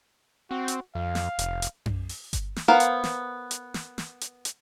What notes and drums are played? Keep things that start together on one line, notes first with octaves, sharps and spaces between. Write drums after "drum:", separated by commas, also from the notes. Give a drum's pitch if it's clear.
C4 F#4
drum: hi-hat
F2 F5
drum: snare
F1, drum: hi-hat
drum: hi-hat
drum: tom F#2
drum: open hi-hat
drum: kick G1, hi-hat
drum: snare
B3 A#4 C5 F5 F#5
drum: hi-hat
drum: snare
drum: hi-hat
drum: snare
drum: snare
drum: hi-hat
drum: hi-hat